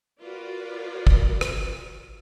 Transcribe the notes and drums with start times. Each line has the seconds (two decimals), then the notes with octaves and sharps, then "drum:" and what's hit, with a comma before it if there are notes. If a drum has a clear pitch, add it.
0.20 F4 F#4 A#4 B4 D5
1.07 drum: kick
1.41 drum: rim click